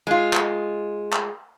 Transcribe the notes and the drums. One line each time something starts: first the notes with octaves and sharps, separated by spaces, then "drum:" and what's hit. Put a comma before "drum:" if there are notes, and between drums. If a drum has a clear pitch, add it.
G#3 F4
drum: clap
drum: clap